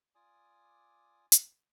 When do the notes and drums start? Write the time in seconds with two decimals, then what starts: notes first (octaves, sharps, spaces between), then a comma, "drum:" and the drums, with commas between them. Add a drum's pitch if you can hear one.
0.15 F4 D5 G#5 D6 D#6
1.32 drum: hi-hat